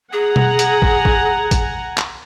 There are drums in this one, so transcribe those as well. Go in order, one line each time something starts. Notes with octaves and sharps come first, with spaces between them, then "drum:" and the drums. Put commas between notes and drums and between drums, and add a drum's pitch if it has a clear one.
G#4 F#5 G#5 A#5
drum: tom B2
drum: hi-hat
drum: kick
drum: kick
drum: kick, hi-hat
drum: clap